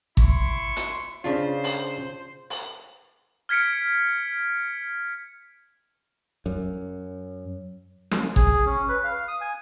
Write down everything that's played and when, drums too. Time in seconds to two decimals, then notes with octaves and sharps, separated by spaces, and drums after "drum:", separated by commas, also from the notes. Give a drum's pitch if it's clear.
0.17 E4 C6 C#6, drum: kick G#1
0.76 drum: hi-hat
1.24 C#3 D4 F4 C5
1.64 drum: open hi-hat
2.50 drum: open hi-hat
3.49 F6 G#6 B6 C#7 D7
6.46 F#2
8.11 drum: snare
8.36 G#4, drum: kick G#1
8.66 C#4
8.89 B4
9.04 F5
9.28 D#6
9.41 G#5